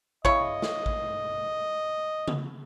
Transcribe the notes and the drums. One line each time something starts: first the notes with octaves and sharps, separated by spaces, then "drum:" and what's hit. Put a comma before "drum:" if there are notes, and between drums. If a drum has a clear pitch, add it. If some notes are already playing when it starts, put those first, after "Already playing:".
C#3 E4 C#5 D#5, drum: kick A1
drum: snare
drum: kick A1
drum: tom C#3